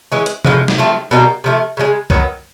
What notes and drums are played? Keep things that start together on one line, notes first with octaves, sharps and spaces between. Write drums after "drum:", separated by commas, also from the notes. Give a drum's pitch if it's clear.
E3 G#3 C#4
drum: hi-hat
A2 F3 G#3, drum: tom C3
drum: snare
F3 A3 C4 F4
B2 G3 A#3 D#4
C3 F3 A3
C#3 F3 G#3
D#3 F#3 B3, drum: kick C2